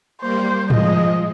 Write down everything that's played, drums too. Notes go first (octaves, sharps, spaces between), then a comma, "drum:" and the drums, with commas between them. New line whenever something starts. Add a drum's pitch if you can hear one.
G3 A#3 C5
F3 G#3 D#5, drum: tom G#2